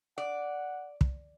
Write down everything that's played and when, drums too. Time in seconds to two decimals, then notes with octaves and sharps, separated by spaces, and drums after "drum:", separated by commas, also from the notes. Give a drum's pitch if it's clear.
0.18 D5 F#5
1.01 drum: kick